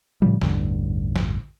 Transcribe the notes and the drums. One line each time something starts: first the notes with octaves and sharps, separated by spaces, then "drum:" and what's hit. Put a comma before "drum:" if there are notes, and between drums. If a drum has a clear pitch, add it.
A2 C#3 F3 G3
A1 E2 G2 D3, drum: snare
drum: snare